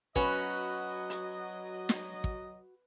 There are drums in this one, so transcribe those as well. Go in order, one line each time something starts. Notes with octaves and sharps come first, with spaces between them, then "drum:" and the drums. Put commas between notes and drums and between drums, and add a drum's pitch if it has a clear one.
F#3 C#4 F#4 B4 D#5, drum: kick
drum: hi-hat
drum: snare
drum: kick